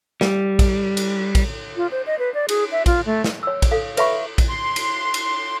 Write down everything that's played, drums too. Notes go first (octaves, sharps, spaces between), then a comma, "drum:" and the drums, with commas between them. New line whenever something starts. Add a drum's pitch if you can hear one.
G3, drum: snare
drum: kick A#1, cymbal
drum: cymbal
drum: kick A#1, cymbal
F4
C5
D#5
B4
D5
G#4, drum: cymbal
E5
F4, drum: kick A#1, cymbal
A3
drum: snare
C#5 E6
drum: kick A#1, cymbal
A4 F5
B4 C#5 E5 F5 B5 C#6, drum: cymbal
drum: kick A#1, cymbal
C6
drum: cymbal
drum: cymbal